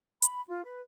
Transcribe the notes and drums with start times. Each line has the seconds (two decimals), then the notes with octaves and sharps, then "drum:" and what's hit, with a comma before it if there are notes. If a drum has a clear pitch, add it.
0.22 B5, drum: hi-hat
0.48 F4
0.64 B4